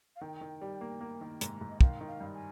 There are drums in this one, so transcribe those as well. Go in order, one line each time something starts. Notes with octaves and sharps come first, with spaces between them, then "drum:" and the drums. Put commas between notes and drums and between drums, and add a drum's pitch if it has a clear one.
F5
D#3 G5
D#3
G3
A#3
A#3
D#3
G#2, drum: hi-hat
G#2
D#5
D#3 F5, drum: kick
D#3
F5
G2
G#5